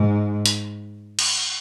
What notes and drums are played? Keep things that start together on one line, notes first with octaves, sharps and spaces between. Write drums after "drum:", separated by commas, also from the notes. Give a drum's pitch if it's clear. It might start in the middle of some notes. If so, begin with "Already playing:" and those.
Already playing: G#2
drum: hi-hat
drum: cymbal